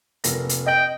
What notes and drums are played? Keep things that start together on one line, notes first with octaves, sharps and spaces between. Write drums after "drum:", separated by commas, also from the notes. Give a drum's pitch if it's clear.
F1 A#3 A#6, drum: hi-hat
drum: hi-hat
D#5 G5 A#6 F#7